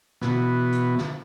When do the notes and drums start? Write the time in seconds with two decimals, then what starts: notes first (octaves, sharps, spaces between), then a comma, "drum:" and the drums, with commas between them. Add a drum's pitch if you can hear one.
0.21 B2 E3 B3 F#4, drum: snare
0.72 drum: hi-hat
0.98 drum: snare